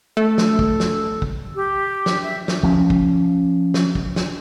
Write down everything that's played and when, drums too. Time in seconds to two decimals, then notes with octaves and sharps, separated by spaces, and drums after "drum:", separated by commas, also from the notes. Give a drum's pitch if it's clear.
0.17 A3 A4
0.38 drum: snare
0.59 drum: kick
0.80 drum: snare
1.22 drum: kick
1.55 G4
2.06 drum: snare
2.23 E5
2.48 drum: snare
2.63 F3 C#4
2.90 drum: kick
3.74 drum: snare
3.95 drum: kick
4.16 drum: snare